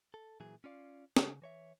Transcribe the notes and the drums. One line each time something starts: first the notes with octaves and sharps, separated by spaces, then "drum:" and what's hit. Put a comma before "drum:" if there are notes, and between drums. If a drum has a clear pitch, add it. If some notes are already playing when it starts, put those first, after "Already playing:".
A4
A#2 E3 F#3 G#4
C#4 F4 D5 F5
C#3, drum: snare
E3 C#5 E5